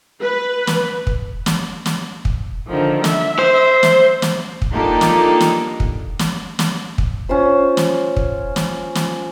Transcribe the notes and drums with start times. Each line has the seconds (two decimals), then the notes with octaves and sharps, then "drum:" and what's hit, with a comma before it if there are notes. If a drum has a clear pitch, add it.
0.21 B4
0.67 drum: snare
1.07 drum: kick
1.46 drum: snare
1.86 drum: snare
2.25 drum: kick
2.68 D3 D#3 F3
3.04 E5, drum: snare
3.39 C5
3.83 drum: snare
4.22 drum: snare
4.62 drum: kick
4.72 A#3 D4 D#4 F4 G4 A4
5.01 drum: snare
5.40 drum: snare
5.80 drum: kick
6.19 drum: snare
6.59 drum: snare
6.98 drum: kick
7.29 C#4 F4 C5
7.77 drum: snare
8.17 drum: kick
8.56 drum: snare
8.95 drum: snare